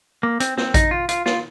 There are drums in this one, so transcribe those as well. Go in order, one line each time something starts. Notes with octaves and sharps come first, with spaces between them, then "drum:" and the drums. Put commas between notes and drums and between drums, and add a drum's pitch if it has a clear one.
A#3
C4, drum: hi-hat
C4, drum: snare
D#4, drum: kick A1, hi-hat
F4
F4, drum: hi-hat
F4, drum: snare